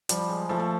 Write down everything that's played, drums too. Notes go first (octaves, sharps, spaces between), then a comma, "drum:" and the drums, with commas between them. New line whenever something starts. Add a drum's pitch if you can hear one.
F3 G3, drum: hi-hat
G#3
F3 A3
A3